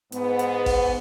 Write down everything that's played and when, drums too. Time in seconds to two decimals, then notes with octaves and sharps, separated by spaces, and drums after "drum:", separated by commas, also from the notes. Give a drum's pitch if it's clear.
0.12 G#2 B3, drum: hi-hat
0.39 drum: hi-hat
0.66 drum: kick, open hi-hat